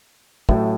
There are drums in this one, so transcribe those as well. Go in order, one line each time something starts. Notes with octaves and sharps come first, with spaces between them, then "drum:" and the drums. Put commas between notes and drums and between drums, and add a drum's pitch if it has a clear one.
A1 A2 F#3 A3, drum: kick